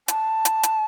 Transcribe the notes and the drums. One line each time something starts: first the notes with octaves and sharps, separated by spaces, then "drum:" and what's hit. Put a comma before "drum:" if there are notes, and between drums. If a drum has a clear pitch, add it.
A5, drum: hi-hat
drum: hi-hat
drum: hi-hat